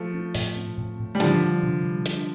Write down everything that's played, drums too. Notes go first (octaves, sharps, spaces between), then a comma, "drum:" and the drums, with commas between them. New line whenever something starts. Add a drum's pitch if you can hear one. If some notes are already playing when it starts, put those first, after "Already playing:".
Already playing: F3 A3
C4
A2, drum: open hi-hat
C4
A2
A2
G3
D3 F3 D4, drum: hi-hat
G3
C3
G3
D4, drum: hi-hat